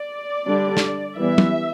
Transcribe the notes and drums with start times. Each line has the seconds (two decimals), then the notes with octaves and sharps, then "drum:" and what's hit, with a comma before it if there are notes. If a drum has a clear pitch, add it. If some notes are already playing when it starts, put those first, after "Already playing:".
Already playing: D5
0.45 D3 G3 D4
0.77 drum: snare
1.16 E3 G3 B3 E5
1.38 drum: tom